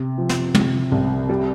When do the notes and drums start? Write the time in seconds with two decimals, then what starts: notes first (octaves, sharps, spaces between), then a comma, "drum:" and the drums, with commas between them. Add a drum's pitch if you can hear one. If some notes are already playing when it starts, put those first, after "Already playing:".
Already playing: C3
0.18 F3
0.29 drum: snare
0.55 C3, drum: tom
0.92 C2
1.29 G3